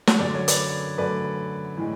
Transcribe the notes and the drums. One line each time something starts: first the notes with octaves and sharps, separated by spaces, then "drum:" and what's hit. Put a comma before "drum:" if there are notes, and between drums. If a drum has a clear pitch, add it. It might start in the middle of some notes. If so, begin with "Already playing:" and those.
drum: snare
F#2 D3 F#3 A3 D5
C#5
B4 D5, drum: hi-hat
F#2 D3 F#3 A3 B4 D5
A2 E3 G#3